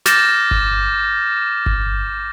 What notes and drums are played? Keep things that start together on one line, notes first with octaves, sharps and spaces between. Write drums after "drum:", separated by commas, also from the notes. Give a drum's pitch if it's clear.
D6 F6 G6 A6 A#6 E7, drum: snare
drum: kick G1
drum: kick G1